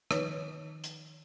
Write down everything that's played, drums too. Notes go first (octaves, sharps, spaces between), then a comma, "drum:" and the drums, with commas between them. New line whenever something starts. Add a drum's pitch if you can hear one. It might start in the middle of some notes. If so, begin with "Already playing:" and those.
D#3 F3 D#4 B4 C#5, drum: rim click
drum: hi-hat